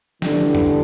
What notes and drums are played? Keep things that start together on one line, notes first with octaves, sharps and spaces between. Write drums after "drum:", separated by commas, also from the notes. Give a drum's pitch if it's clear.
A2 D3 E3 G3 D4, drum: snare
drum: tom F2